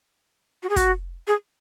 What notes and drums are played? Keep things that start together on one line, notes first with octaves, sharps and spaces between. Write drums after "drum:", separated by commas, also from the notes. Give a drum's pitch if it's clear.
F#4
G#4
F#4, drum: kick, hi-hat
G#4